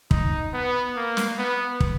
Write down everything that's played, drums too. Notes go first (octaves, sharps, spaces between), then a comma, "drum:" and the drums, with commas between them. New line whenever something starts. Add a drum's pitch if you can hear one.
D#4, drum: kick
B3
A#3
drum: snare
B3
drum: kick